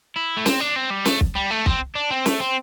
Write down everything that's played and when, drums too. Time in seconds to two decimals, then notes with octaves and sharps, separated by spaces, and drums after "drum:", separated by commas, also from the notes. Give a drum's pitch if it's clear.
0.16 E4
0.37 A3
0.46 C4, drum: snare
0.61 D4
0.76 C4
0.91 G3
1.05 A3, drum: snare
1.21 drum: kick
1.36 G3
1.51 A3
1.66 C4, drum: kick
1.96 D4
2.11 C4
2.26 A3, drum: snare
2.40 C4